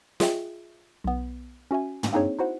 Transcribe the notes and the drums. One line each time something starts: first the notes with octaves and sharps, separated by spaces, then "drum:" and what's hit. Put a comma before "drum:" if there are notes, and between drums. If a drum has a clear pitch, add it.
F4 G#4 D#5 E5 G5, drum: snare
B1 B3
C#4 F#4 E5 G#5
drum: tom
A#3 C4 D4 D#4 G#4 C#5
D#4 E4 F#4 C5 F#5